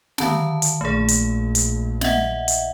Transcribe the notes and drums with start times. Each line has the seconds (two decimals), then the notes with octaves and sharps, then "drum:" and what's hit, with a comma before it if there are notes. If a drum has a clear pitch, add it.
0.18 D3 D#3 A5, drum: snare
0.62 drum: hi-hat
0.81 A#1 A3 G#4
1.08 drum: hi-hat
1.55 drum: hi-hat
2.01 D#5 E5 F#5, drum: snare
2.48 drum: hi-hat